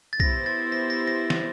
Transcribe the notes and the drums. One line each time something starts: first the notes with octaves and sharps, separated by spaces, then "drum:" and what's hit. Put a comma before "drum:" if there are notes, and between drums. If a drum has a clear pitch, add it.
A6
B3 E4 G4 C5 A#6, drum: kick B1
A6
A#6
A#6
A#6
drum: snare